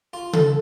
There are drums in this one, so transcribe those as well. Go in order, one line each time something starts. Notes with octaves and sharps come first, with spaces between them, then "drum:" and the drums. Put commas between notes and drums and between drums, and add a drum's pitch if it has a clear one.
F4
A4, drum: tom C#3